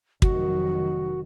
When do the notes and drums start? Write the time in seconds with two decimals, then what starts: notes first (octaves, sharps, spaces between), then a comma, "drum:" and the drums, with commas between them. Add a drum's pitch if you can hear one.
0.22 F1 D#3 F#3 F#4, drum: kick